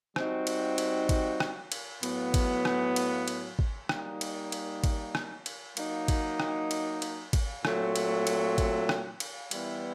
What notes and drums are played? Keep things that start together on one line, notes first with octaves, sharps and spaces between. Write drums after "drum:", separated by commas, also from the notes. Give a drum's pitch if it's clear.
G3 C4 D#4 F#4, drum: rim click
drum: cymbal
drum: cymbal
drum: kick G#1, cymbal
drum: rim click
drum: cymbal
A2 F#3 B3, drum: cymbal
drum: kick G#1, cymbal
drum: rim click
drum: cymbal
drum: cymbal
drum: kick G#1
G3 A#3 D#4, drum: rim click
drum: cymbal
drum: cymbal
drum: kick G#1, cymbal
drum: rim click
drum: cymbal
F#3 A#3 D#4, drum: cymbal
drum: kick G#1, cymbal
drum: rim click
drum: cymbal
drum: cymbal
drum: kick G#1, cymbal
A#2 F#3 A3 C4, drum: rim click
drum: cymbal
drum: cymbal
drum: kick G#1, cymbal
drum: rim click
drum: cymbal
E3 G3 B3 E4, drum: cymbal